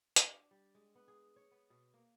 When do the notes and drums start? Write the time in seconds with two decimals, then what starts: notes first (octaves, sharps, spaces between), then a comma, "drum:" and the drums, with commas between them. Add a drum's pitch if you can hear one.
0.16 D4, drum: hi-hat
0.51 G3
0.75 G#3
0.95 B3
1.08 G#4
1.36 C#5
1.51 B3
1.70 B2
1.94 A#3